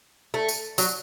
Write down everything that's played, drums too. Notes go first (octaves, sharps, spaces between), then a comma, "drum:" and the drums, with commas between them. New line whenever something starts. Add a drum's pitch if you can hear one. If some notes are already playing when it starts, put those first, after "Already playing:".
A3
drum: tambourine
F#3, drum: tambourine